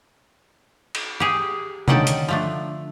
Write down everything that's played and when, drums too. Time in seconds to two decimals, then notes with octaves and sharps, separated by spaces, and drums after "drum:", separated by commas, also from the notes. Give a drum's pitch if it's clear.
0.95 drum: cymbal
1.20 G4 G#4
1.88 D3 D#3 C#4 F#5 G5 A5, drum: tom C3
2.07 drum: hi-hat
2.28 F3 A3 D4